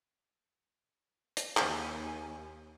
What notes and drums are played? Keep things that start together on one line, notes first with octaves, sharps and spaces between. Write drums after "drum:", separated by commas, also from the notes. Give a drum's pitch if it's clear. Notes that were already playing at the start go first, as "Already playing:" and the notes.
drum: hi-hat
D#2 G#5, drum: clap